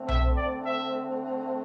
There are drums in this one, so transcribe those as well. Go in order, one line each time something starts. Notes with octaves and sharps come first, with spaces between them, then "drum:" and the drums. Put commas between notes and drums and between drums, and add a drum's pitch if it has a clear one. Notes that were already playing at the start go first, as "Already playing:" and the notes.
Already playing: D3 A3 C4
E5, drum: tom B1
D5
E5